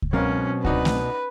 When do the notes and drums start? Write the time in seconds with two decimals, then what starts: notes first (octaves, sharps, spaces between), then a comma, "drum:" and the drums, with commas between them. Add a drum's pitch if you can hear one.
0.02 drum: kick C#2
0.13 G#2 B2 F#3 C4 C#4 A#4 F5
0.65 D4 D#4 F#4 B4, drum: kick C#2
0.85 drum: snare A3